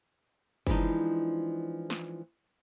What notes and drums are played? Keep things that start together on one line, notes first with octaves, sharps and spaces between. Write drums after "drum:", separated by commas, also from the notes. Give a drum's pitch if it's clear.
E3 F3 G#3 D4 D#4, drum: kick F#1
drum: snare